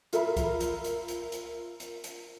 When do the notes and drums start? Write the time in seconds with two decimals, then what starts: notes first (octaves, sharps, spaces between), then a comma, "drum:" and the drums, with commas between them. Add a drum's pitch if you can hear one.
0.13 F4 A#4 E5 B5, drum: hi-hat
0.37 drum: kick C2, hi-hat
0.60 drum: hi-hat
0.84 drum: hi-hat
1.08 drum: hi-hat
1.32 drum: hi-hat
1.80 drum: hi-hat
2.04 drum: hi-hat